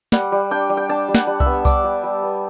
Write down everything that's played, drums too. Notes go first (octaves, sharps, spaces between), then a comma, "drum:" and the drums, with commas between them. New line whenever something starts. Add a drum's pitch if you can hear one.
G3 F#5, drum: snare
G3
D4 G5
G3
G5
D4 A5
G3
F#5, drum: snare
G3
E5, drum: kick C2
B3
D4 D6, drum: kick C2, tambourine
G3
G3
B3